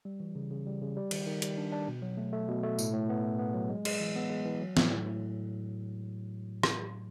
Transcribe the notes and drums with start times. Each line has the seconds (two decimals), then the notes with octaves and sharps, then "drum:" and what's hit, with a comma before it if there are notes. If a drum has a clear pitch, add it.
0.05 G3
0.20 E3
0.35 C#3
0.50 C#3
0.67 G3
0.82 C#3
0.97 G3
1.11 D#3, drum: cymbal
1.27 D#3
1.42 G3, drum: hi-hat
1.58 D4
1.72 D4
1.88 B2
2.02 F#3
2.17 A3
2.33 A3
2.48 B2
2.63 A3
2.79 A2, drum: tambourine
2.93 A2
3.09 B3
3.24 E4
3.39 B3
3.54 F#3
3.69 G#3
3.85 G#3, drum: cymbal
4.00 E3
4.16 B3
4.30 G#3
4.45 E3
4.60 F#3
4.77 A2, drum: snare
4.92 A2
5.06 A2
6.63 drum: rim click